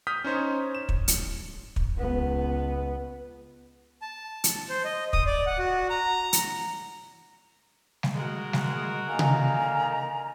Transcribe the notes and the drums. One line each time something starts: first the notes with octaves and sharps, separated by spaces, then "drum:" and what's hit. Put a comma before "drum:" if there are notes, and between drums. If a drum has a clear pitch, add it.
D#6 F6 G6 B6
C#4 D#4 C5 C#5
E7
drum: kick
drum: hi-hat
drum: kick
C#2 B3
A5
drum: hi-hat
C5
D#5
D#6, drum: kick
D5
F#5
F#4
A#5
drum: hi-hat
drum: snare G3
G#3 F#4 A#4
drum: snare G3
D3 D#3 A#3 G#5 A#5
drum: tom C3